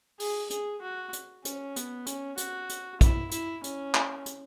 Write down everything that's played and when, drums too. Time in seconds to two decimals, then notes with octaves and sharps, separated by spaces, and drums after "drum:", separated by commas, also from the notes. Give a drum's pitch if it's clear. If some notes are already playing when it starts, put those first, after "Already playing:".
0.20 G#4, drum: open hi-hat
0.50 G#4, drum: hi-hat
0.82 F#4
1.13 drum: hi-hat
1.45 C#4, drum: hi-hat
1.76 B3, drum: hi-hat
2.06 C#4, drum: hi-hat
2.37 F#4, drum: hi-hat
2.69 drum: hi-hat
3.01 E4, drum: kick, hi-hat
3.31 E4, drum: hi-hat
3.64 C#4, drum: hi-hat
3.95 drum: clap
4.26 drum: hi-hat